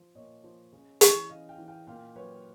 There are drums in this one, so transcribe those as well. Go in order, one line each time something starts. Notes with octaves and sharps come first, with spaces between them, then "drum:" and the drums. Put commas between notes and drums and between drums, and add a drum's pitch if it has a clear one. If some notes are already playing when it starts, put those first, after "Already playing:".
Already playing: F3
A#2 C#5 D#5
F3
C#3
E3, drum: hi-hat
C#3 D#5 F5
F5 G5
E3
F5 G5
A#2 F5 G5
F#3 B4 C#5